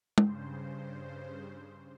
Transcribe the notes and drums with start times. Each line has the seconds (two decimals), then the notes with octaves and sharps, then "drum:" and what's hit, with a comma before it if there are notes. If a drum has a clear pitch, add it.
0.18 G2 C#3 C5, drum: tom